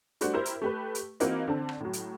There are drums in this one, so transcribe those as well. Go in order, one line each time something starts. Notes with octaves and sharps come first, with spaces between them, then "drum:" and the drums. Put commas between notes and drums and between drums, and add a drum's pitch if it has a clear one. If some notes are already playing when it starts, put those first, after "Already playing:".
G3 A3 D4 F#4 C5, drum: hi-hat
E4 G4 A#4 C5
drum: hi-hat
A3 G4 B4
drum: hi-hat
E3 A#3 C4 D#4 F4 F#4, drum: hi-hat
D3 C4 A5
drum: rim click
A2 F#3
drum: hi-hat